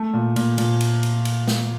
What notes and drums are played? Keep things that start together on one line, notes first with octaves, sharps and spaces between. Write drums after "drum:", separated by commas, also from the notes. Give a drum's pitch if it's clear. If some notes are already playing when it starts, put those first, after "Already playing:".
Already playing: A3
A#2
A#2, drum: cymbal
A#2, drum: cymbal
drum: cymbal
drum: cymbal
drum: cymbal
drum: snare